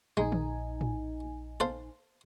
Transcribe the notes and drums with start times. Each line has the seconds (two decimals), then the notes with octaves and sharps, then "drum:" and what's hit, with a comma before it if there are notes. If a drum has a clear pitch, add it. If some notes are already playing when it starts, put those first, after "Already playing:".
0.17 A#1 G#3 D#4 G#5
0.32 drum: tom D3
0.81 drum: tom A2
1.60 A4 C5 F5